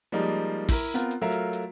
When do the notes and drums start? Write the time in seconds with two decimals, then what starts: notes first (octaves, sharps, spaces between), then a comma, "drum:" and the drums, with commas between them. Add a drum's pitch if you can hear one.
0.12 F3 G3 G#3 A#3 D#4 G4
0.69 E4 A#4, drum: kick, open hi-hat
0.94 B3 C4 F4 A#4
1.11 drum: hi-hat
1.22 F#3 A3 F4 A#4 E5 F5
1.32 drum: hi-hat
1.53 drum: hi-hat